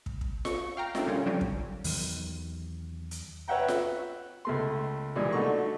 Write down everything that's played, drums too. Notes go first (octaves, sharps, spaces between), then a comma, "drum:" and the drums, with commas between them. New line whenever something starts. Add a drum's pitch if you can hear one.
drum: kick
drum: kick
C#6, drum: snare F4
F5 G5 A#5
A3 A#3 C4 D4, drum: snare F4
A#2 D3 G3 C#4 F4
D3 F#3 G3 C4 C#4 G4
drum: kick
E2 D#3 F#3, drum: open hi-hat
drum: hi-hat
B4 C#5 E5 F#5 G5 A#5
drum: snare F4
C#2 A3 C6
A#2 E3 G3 G#3 E4
D3 F#3 A3 D#4 C#6